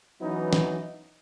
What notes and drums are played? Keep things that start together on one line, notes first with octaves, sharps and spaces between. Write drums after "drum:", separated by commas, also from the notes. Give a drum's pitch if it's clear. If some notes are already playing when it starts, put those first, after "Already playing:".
E3 F#3 B3 C#4 D#4
drum: snare